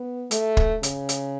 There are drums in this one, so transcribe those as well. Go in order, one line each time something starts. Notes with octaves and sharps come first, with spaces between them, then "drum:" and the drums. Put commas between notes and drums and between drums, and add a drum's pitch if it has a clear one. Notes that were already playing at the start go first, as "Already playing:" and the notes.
Already playing: B3
A3, drum: hi-hat
drum: kick
C#3, drum: hi-hat
drum: hi-hat